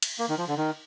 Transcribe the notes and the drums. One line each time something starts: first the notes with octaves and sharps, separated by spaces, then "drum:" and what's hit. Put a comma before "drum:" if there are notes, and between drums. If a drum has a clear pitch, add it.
drum: cymbal
A#3
D#3
F3
D3
D#3